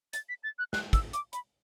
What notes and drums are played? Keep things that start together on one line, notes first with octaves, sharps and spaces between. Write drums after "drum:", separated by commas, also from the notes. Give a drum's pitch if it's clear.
A6, drum: hi-hat
B6
A6
F#6
F#6, drum: snare
E6, drum: kick, hi-hat
D6, drum: hi-hat
B5, drum: hi-hat